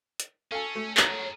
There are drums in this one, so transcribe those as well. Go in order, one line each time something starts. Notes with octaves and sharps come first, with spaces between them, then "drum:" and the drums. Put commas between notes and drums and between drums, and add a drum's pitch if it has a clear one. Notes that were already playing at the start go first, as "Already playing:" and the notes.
drum: hi-hat
C#4 A4 F5 G#5
A3
G#4 A#4 C#5 A#5, drum: clap